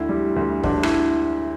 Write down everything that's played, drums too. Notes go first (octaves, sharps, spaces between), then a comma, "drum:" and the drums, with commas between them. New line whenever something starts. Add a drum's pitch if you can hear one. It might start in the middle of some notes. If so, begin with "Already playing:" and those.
Already playing: D2 E4
G3
D2
D2 D4, drum: kick
E4, drum: rim click